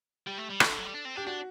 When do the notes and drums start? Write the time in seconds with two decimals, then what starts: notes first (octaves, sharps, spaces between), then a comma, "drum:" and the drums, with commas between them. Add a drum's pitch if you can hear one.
0.27 G3 G4
0.38 A3
0.50 G3
0.60 E3 A4, drum: rim click
0.69 D3
0.78 F#3
0.85 G3
0.94 D4
1.05 C4
1.16 D4 G4
1.26 D4 F#4